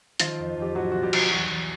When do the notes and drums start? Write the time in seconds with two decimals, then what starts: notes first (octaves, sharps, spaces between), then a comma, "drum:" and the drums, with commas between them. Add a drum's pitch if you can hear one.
0.20 D#3 F3 F4, drum: hi-hat
0.39 F2
0.57 F2
0.62 G4
0.75 A2 F#3 F#4
0.92 B1 F#4
1.03 G3 G4
1.13 B1, drum: cymbal
1.31 E2 F#3 F#4
1.50 E2